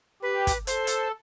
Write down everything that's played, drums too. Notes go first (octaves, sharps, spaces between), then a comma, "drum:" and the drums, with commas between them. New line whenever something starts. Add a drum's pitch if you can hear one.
G4 B4
drum: kick, hi-hat
A4 C5, drum: hi-hat
drum: hi-hat